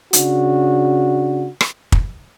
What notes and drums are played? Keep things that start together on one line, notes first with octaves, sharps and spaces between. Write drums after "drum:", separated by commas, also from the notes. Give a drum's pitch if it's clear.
C#3 D4 F#4, drum: hi-hat
drum: rim click
drum: kick